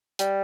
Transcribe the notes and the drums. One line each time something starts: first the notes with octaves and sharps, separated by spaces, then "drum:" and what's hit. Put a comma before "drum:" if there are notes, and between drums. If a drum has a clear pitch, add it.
G3, drum: hi-hat